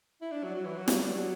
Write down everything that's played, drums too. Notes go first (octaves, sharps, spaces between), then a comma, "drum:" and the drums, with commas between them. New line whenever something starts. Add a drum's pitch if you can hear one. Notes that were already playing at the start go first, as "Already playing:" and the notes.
E4
D4
F#3
F#3
E3
F#3
G3, drum: snare
G3
F#3